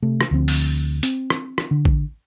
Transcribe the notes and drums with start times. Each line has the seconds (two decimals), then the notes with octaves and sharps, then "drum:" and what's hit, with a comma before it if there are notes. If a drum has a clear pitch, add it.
0.02 C3 A3
0.21 drum: rim click
0.31 D2 F3 C4
0.48 drum: open hi-hat
1.03 C4, drum: hi-hat
1.30 drum: rim click
1.58 drum: rim click
1.71 D3
1.85 drum: kick